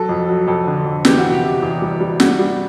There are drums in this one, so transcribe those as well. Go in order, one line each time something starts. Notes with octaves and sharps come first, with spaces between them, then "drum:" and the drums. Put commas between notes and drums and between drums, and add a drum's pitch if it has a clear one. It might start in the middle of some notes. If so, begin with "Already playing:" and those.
Already playing: F#3 A4
F2
F#3
F2 A4
D3
F2
E3 G4, drum: snare
F#4
C3
G4
C3
E2
G3
G3
G3 F#4, drum: snare
G3